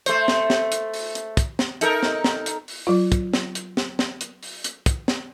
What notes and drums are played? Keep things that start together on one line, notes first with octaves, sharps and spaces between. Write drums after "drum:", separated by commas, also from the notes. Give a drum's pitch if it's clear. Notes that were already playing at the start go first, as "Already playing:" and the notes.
A3 C5, drum: hi-hat
drum: snare
drum: snare
drum: hi-hat
drum: open hi-hat
drum: hi-hat
drum: kick, hi-hat
drum: snare
D#4 A4 A#4, drum: hi-hat
drum: snare
drum: snare
drum: hi-hat
drum: open hi-hat
F#3 F4
drum: kick, hi-hat
drum: snare
drum: hi-hat
drum: snare
drum: snare
drum: hi-hat
drum: open hi-hat
drum: hi-hat
drum: kick, hi-hat
drum: snare